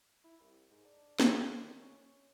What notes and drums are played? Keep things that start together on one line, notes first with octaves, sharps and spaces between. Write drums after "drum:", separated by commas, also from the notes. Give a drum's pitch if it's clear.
E4
C2
G#2
D4
drum: snare
E3
D#3
C#4
C#4